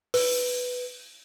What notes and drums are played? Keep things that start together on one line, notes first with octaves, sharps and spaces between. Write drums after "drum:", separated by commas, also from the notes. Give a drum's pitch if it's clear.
B4, drum: open hi-hat